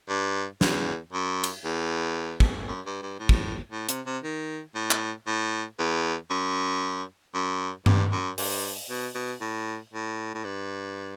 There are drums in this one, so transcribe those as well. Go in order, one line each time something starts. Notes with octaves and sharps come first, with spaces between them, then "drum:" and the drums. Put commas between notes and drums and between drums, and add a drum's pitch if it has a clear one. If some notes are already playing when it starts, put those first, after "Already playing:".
G2
E2, drum: snare
F#2
drum: cymbal
E2
drum: kick
F#2
G2
G2
A2
drum: kick
A2
C3, drum: hi-hat
C3
D#3
A2
drum: clap
A2
E2
F#2
F#2
G2, drum: tom G2
F#2
G2, drum: open hi-hat
B2
B2
A2
A2
A2
G2